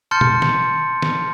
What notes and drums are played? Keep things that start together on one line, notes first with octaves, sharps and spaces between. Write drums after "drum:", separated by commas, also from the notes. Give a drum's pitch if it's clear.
A5 C6 F6 G6 A6 C#7
drum: tom
drum: snare
drum: snare